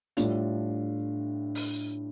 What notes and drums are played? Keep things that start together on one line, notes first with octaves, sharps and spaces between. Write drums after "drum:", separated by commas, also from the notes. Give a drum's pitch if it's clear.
A2 G3 D4 F4, drum: hi-hat
drum: open hi-hat